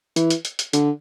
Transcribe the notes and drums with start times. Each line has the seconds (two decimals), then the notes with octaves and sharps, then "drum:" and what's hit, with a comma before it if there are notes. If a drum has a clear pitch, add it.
0.16 E3, drum: hi-hat
0.30 drum: hi-hat
0.45 drum: hi-hat
0.59 drum: hi-hat
0.73 D3, drum: hi-hat